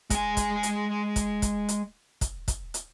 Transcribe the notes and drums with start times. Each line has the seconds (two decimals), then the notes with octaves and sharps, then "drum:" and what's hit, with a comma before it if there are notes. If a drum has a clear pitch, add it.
0.10 G#3 G#5, drum: kick, hi-hat
0.37 drum: kick, hi-hat
0.63 drum: hi-hat
1.16 drum: kick, hi-hat
1.42 drum: kick, hi-hat
1.69 drum: hi-hat
2.21 drum: kick, hi-hat
2.48 drum: kick, hi-hat
2.74 drum: hi-hat